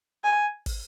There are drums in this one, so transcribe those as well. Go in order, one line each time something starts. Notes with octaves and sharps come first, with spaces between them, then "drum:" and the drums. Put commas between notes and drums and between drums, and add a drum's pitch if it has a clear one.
G#5
drum: kick, open hi-hat